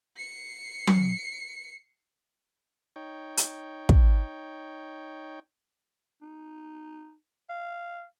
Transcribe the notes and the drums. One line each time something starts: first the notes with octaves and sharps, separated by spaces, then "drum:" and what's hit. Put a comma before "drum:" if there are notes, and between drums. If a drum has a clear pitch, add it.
C7 C#7
drum: tom F#3
D#4 C#5 G5
drum: hi-hat
drum: kick
D#4
F5